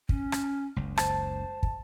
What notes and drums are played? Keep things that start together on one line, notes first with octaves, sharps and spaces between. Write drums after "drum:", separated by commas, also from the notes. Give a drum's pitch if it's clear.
C#4, drum: kick
drum: rim click
F#1 C#2
C5 A5, drum: rim click
drum: kick